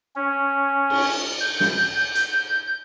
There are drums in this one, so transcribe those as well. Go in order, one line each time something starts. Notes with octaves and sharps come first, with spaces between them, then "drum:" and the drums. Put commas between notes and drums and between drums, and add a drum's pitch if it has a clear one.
C#4
drum: cymbal
G6
drum: snare
drum: hi-hat